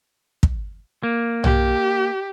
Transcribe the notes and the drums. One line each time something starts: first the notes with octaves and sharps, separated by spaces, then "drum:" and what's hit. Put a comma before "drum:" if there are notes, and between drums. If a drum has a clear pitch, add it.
drum: kick
A#3
G4, drum: tom